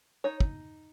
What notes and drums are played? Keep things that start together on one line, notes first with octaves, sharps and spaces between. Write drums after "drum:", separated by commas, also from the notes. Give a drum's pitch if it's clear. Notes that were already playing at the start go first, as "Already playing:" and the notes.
D#4 C#5
drum: kick